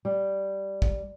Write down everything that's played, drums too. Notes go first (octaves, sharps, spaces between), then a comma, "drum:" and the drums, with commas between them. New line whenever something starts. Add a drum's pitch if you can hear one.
G3
drum: kick